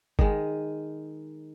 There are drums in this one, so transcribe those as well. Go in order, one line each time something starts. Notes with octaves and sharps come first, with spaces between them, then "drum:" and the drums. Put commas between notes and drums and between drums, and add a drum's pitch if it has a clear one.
D#3 G#3, drum: kick G1